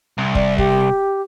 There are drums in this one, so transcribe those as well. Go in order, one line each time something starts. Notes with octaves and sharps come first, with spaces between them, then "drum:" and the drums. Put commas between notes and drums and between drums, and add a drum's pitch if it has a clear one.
C2
D5, drum: kick
G4, drum: kick